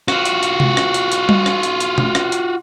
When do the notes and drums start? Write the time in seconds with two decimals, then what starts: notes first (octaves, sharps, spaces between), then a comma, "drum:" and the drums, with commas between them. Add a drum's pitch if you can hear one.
0.08 F4 F#4, drum: rim click
0.25 drum: hi-hat
0.43 drum: hi-hat
0.60 drum: tom C3
0.77 drum: rim click
0.94 drum: hi-hat
1.12 drum: hi-hat
1.29 drum: tom G3
1.46 drum: rim click
1.63 drum: hi-hat
1.80 drum: hi-hat
1.98 drum: tom B2
2.15 drum: rim click
2.32 drum: hi-hat